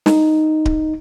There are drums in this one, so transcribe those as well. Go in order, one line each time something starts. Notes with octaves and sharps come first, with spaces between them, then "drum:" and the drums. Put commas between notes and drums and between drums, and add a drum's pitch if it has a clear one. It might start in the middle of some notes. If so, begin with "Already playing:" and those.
D#4, drum: snare
drum: kick D1